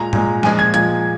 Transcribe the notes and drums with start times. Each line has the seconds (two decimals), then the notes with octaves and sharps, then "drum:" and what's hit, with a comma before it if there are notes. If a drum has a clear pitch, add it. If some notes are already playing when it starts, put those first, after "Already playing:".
Already playing: A#2 G#3 A#5
0.13 A#2 G#3, drum: tom G#2
0.43 A#2 F3 G#3 G#5, drum: snare
0.59 G#6
0.74 A#2 F3 G#3 G#6, drum: hi-hat